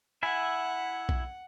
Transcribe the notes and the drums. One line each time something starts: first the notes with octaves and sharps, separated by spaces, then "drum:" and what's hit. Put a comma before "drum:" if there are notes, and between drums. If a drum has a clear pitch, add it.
E4 E5 F#5 G#5
drum: kick B1